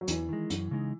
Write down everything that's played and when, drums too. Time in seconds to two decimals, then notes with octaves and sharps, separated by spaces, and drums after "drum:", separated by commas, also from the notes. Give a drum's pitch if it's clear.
0.01 F#3
0.07 E2 E3, drum: hi-hat
0.29 D#3 G#3
0.50 F#2, drum: hi-hat
0.71 C#3 G#3 D#4